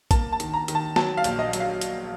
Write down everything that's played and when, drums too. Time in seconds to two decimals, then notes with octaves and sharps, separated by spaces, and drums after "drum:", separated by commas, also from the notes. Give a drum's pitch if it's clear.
0.11 A#3 A5, drum: kick, hi-hat
0.32 A5
0.40 D#3, drum: hi-hat
0.54 A#5
0.68 D#3, drum: hi-hat
0.75 A5
0.96 F#3 A5, drum: snare
1.17 F5
1.24 A#1, drum: hi-hat
1.39 D#5
1.53 F#3, drum: hi-hat
1.60 F5
1.81 drum: hi-hat